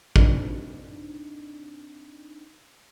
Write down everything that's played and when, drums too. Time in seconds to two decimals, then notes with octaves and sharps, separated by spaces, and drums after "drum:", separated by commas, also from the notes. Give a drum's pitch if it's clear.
0.16 C4 D4 D#4, drum: kick